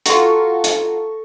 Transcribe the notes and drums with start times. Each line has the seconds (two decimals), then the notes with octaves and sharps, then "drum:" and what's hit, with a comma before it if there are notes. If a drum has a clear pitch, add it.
0.06 F4 F#4 A4 A#5 C#6, drum: hi-hat
0.64 drum: hi-hat